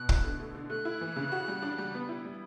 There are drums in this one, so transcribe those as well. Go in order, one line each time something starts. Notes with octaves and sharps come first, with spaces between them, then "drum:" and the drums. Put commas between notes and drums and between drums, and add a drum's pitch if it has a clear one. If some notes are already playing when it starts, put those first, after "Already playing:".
Already playing: B2 F#6
E4, drum: kick
D3
A3
D3
A3 F#6
E4
E3
C#3
F#4
G3
D4
G3
B3
E4
G3